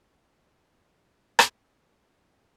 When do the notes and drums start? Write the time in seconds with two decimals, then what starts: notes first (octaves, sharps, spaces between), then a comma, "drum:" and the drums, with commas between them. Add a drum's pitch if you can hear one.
0.24 A#3
0.68 E5
1.03 B3 G#5
1.39 drum: rim click
1.82 F#4
2.19 A#5 D#6